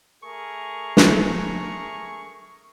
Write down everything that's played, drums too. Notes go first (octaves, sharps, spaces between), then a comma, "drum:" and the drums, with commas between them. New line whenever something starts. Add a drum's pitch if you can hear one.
A3 G#4 A#4 C#6
drum: snare